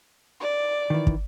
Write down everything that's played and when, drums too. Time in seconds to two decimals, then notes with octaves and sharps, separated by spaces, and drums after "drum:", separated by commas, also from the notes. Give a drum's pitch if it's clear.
0.40 D5
0.90 D#3 E3
1.07 drum: kick